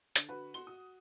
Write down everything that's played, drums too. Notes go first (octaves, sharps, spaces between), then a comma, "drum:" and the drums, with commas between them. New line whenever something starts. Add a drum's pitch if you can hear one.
D3, drum: hi-hat
F#4 B4
F#4 C6 G7
F#4 D#6